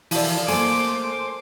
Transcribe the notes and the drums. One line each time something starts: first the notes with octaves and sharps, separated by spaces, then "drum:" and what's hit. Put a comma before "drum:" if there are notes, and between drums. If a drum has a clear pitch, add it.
D3 E3 F3, drum: open hi-hat
A3 A#3 C5 G#5 D6, drum: hi-hat